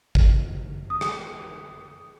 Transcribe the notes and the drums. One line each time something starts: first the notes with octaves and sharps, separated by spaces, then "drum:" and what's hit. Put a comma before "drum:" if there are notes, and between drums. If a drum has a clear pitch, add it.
drum: kick G#1
D#6
drum: rim click